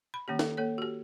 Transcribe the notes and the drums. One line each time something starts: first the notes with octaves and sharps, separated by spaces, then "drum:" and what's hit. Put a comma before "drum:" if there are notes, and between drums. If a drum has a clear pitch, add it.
B5
D#3 A#3 C#4 G4
A4, drum: snare
A#3 A4 C#5
F#4 G4